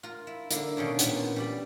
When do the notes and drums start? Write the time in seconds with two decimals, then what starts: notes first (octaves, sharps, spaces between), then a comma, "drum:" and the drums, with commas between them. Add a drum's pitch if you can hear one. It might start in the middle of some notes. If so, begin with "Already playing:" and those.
0.03 F4 A#4
0.27 E4
0.51 D3 A#3, drum: hi-hat
0.77 B2 D#3 C#4 D4
0.99 A#2 B3, drum: hi-hat
1.36 G3 G4 B5